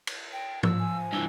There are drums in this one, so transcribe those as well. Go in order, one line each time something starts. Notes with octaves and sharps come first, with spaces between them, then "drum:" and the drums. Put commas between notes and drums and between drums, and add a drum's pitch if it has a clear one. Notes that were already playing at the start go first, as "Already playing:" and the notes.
drum: cymbal
G5
F3 E6, drum: tom G#2
G#5
G2 E3 E6